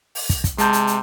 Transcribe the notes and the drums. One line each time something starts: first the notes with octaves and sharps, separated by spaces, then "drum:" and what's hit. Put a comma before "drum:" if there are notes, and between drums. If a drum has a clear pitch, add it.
drum: open hi-hat
drum: kick, hi-hat
drum: kick, hi-hat
C3 G#3 A5 G6, drum: hi-hat
drum: hi-hat
drum: hi-hat